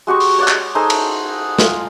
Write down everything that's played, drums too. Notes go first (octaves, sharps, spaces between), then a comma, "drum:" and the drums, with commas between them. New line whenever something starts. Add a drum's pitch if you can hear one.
G#3 F#4 G4 C#6
drum: open hi-hat
C#5 D5 F#5
drum: clap
D#4 G#4 A4 C5
drum: cymbal
F4, drum: snare